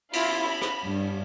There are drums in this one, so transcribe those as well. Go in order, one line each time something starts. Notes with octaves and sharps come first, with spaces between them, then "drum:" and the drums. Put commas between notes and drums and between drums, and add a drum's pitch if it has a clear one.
E4 F4, drum: cymbal
B5
drum: rim click
G2